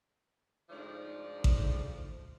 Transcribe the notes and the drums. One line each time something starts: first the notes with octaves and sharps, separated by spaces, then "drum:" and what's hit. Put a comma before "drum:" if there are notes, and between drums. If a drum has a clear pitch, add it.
D2 G#2 F3 D4 D#4 D5
drum: kick A1